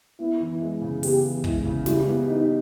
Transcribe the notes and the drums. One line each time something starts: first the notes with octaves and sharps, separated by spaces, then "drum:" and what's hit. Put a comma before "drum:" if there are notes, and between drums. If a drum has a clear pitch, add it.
B3 E4
E3
G#3
C#3
B3 G4, drum: open hi-hat
E3
G#3 E4, drum: kick
C#3
G3 E4, drum: snare
B3
D#4 G4